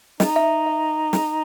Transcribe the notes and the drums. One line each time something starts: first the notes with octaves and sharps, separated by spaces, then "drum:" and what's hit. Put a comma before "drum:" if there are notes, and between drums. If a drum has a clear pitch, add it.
D#4 D#5, drum: snare
E5
E5
drum: snare